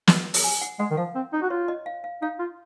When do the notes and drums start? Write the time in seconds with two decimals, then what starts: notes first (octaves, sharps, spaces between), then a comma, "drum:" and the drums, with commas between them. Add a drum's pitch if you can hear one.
0.07 F#5, drum: snare
0.34 drum: open hi-hat
0.44 G#5
0.61 F#5
0.79 G#3 F#5
0.91 D#3
0.97 F3 F5
1.15 C4
1.33 D#4
1.42 F#4
1.50 F4 C#5
1.68 D#5
1.86 F5
2.04 F5
2.22 D#4 F5
2.39 F4